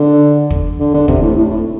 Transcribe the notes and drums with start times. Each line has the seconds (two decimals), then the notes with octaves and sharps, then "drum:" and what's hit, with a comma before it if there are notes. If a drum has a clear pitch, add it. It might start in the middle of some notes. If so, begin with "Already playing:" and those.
Already playing: D3
0.50 drum: kick
0.80 D3
0.94 D3
1.08 C3, drum: kick
1.22 A2
1.37 A2
1.50 A2